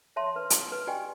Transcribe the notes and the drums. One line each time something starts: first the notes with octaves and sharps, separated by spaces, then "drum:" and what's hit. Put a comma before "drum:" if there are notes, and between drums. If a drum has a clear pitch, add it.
C#5 E5 A5 C6
B4
drum: hi-hat
B4
F#4 G4 D5 D#5 G5 G#5